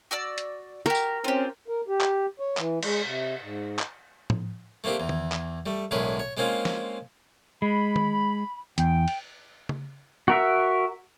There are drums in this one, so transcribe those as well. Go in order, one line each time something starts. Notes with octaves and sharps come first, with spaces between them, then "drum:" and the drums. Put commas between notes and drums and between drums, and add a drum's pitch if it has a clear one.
F#4 D5 E6
drum: hi-hat
F#4 G4 A#4
drum: tambourine
C4 C#4 F4 G4
A#4
G4
drum: clap
C#5
E3, drum: clap
G#3, drum: cymbal
C3
G#2
drum: clap
drum: tom
A3 A#3 C4 D4 G4
E2 E3
drum: tom D#3
drum: clap
G3 A3
B1 A2 D3 G#3 A#4 B4
C#5
G#3 A#3 C4 C#4 F4
drum: snare
G#3 B5
drum: tom D#3
E2 G5, drum: hi-hat
drum: cymbal
drum: tom C#3
F#4 A#4 E5